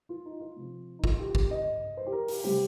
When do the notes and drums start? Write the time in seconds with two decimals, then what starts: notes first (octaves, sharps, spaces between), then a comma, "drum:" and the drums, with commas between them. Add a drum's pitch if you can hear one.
0.09 F4
0.26 D#4
0.40 F4
0.56 C3 F3 C4
0.99 D#4
1.04 F4, drum: kick
1.19 G4
1.35 G4, drum: kick
1.51 D#5
1.97 C5
2.07 G4
2.12 A#4
2.28 G4, drum: open hi-hat
2.44 C3 G3 C4 G4